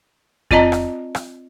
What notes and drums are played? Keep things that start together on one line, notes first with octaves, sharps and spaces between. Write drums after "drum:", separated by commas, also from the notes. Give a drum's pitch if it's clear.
C4 F4 D5 D#5 A5 A#5, drum: kick F2
drum: rim click
drum: rim click